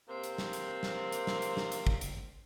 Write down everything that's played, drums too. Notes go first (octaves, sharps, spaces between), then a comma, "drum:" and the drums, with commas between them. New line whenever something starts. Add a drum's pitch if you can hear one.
C3 A#3 C4
drum: hi-hat
drum: snare
drum: hi-hat
drum: snare
drum: hi-hat
drum: snare
drum: hi-hat
drum: snare
drum: hi-hat
drum: kick
drum: hi-hat